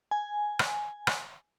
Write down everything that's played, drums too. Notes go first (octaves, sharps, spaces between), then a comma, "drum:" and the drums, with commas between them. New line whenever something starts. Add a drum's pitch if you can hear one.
G#5
drum: rim click
drum: rim click